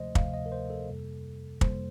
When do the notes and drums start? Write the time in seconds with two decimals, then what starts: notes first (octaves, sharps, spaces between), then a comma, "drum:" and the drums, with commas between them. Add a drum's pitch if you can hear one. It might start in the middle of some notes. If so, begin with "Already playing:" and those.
Already playing: D2 C3 F3 A3 C5 D#5
0.15 D2 C3 F3 A3 F5, drum: kick
0.34 D#5
0.46 A#4
0.52 C5
0.70 A4
0.89 F2 C3 G3 A#3
1.61 F2 C3 G3 A#3 C5, drum: kick